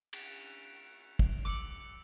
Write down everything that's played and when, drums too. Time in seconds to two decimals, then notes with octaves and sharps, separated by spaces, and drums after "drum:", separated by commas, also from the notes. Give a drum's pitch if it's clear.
0.13 D7 F7, drum: cymbal
1.19 drum: kick
1.45 D6 E6 C#7 F#7